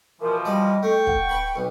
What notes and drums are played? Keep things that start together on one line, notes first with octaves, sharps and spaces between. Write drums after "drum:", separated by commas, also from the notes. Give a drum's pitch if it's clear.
B2 E3 F3 A#4
G3 D5 D#5
A3 G5 C#6
F#5, drum: kick
B4 B5
B1 B4